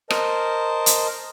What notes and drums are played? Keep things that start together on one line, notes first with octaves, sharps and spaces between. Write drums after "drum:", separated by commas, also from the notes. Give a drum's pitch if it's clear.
A#4 C5 D#5 A5, drum: rim click
drum: hi-hat